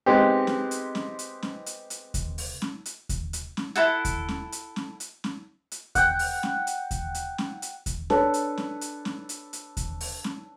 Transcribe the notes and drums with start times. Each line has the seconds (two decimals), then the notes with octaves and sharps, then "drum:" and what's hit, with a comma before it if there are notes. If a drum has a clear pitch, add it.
0.06 G#3 B3 C4 D#4 G4
0.47 drum: snare C#4
0.71 drum: hi-hat
0.95 drum: snare C#4
1.19 drum: hi-hat
1.43 drum: snare C#4
1.66 drum: hi-hat
1.90 drum: hi-hat
2.14 drum: kick D#2, hi-hat
2.38 drum: open hi-hat
2.62 drum: snare C#4
2.86 drum: hi-hat
3.09 drum: kick D#2, hi-hat
3.33 drum: hi-hat
3.57 drum: snare C#4
3.76 E4 A4 F#5
4.05 drum: kick D#2, hi-hat
4.29 drum: snare C#4
4.52 drum: hi-hat
4.76 drum: snare C#4
5.00 drum: hi-hat
5.24 drum: snare C#4
5.72 drum: hi-hat
5.95 F#5 G5, drum: kick D#2, hi-hat
6.19 drum: open hi-hat
6.43 drum: snare C#4
6.67 drum: hi-hat
6.91 drum: kick D#2, hi-hat
7.15 drum: hi-hat
7.38 drum: snare C#4
7.62 drum: hi-hat
7.86 drum: kick D#2, hi-hat
8.10 D4 A4 B4 C#5, drum: snare C#4
8.34 drum: hi-hat
8.58 drum: snare C#4
8.81 drum: hi-hat
9.05 drum: snare C#4
9.29 drum: hi-hat
9.53 drum: hi-hat
9.77 drum: kick D#2, hi-hat
10.01 drum: open hi-hat
10.24 drum: snare C#4